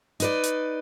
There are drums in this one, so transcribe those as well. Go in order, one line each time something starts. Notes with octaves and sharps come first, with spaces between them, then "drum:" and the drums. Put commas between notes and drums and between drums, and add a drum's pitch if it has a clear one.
D#4 B4 D5, drum: hi-hat
drum: hi-hat